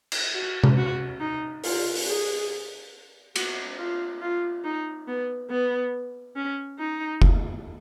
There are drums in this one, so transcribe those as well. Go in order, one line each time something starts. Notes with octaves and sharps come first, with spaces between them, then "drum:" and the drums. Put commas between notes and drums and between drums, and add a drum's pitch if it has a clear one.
drum: cymbal
F#4
drum: tom C3
F#4
D#4
F4, drum: open hi-hat
drum: open hi-hat
G#4
F#4, drum: cymbal
F4
F4
D#4
B3
B3
C#4
D#4
drum: kick F1